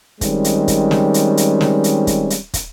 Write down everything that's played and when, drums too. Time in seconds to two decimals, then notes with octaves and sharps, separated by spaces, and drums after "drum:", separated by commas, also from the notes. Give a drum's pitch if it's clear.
0.21 D#3 G3 G#3 C4 C#4, drum: kick, hi-hat
0.44 drum: hi-hat
0.68 drum: kick, hi-hat
0.91 drum: snare
1.14 drum: hi-hat
1.37 drum: hi-hat
1.61 drum: snare
1.84 drum: hi-hat
2.07 drum: kick, hi-hat
2.30 drum: hi-hat
2.54 drum: kick, hi-hat